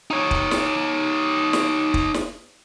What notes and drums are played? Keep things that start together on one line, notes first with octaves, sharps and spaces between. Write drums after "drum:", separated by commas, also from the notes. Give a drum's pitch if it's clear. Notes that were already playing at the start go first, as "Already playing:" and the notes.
D#4 C#5
drum: kick
drum: snare
drum: snare
drum: kick
drum: snare